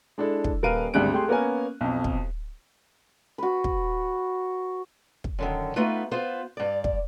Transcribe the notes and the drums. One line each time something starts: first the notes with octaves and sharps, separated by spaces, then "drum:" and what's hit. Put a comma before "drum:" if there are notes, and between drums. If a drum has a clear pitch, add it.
G#3 D4 E4 A4
drum: kick
D#1 A#4 B4 F5 D7 D#7
G#1 D2 G3 G#3 F#6 D7
A3 G4 G#4 C6
A#3 B3 C#4 A#4 G#5
B1 F2
drum: kick
F#4 B4
drum: kick
drum: kick
F#2 D3 D#3
A3 B3 D#4 F4 B4
B3 F4 C5
G2 D5
drum: kick